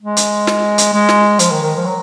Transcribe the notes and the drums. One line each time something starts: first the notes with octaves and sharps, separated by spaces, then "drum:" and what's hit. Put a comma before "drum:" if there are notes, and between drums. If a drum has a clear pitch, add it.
G#3
drum: hi-hat
drum: snare
drum: hi-hat
G#3
drum: snare
F3, drum: hi-hat
D#3
D#3
F3
F#3